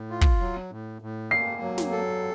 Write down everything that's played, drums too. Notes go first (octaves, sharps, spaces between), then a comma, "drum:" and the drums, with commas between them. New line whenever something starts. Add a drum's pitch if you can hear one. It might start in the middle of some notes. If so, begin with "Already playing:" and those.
Already playing: A2
F4
drum: kick
F#3
A2
A2
A#3 C7
F#3
drum: snare
A4